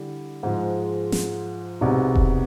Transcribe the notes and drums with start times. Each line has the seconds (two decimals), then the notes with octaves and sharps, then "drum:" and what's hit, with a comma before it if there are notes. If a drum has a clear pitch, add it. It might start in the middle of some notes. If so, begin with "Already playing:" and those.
Already playing: D3 G3 E4
0.43 G#2 F3 G#3
1.12 drum: snare
1.81 C2 B2 G#3 B3 D#4
2.15 drum: kick E1